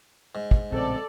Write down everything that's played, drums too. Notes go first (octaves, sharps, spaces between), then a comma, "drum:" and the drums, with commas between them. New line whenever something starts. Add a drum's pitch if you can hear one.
G#2
drum: kick
A#1 A2 C#3 C4 A4 D5